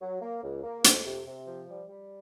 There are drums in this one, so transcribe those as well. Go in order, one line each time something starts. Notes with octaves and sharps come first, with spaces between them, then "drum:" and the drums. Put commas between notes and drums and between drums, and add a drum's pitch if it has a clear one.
F#3
A#3
C#2
A#3
F2, drum: hi-hat
C3
C3
F3
G3
G3